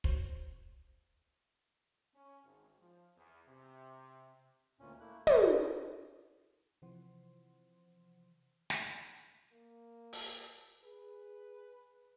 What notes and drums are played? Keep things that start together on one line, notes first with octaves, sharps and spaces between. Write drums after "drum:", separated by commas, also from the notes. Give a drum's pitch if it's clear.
F#4 C5 C#5, drum: kick
C#4
G#1
F3
E2
C3
D2 A#2 C#4
A3 A#3 E4 F#6
E5 F#5 C6, drum: tom
F3 E4 F4 F#5 G5
C#4 D#5
C3 E3 F3 C5 F#5 C6
drum: snare
A#3
drum: open hi-hat
G#4 B4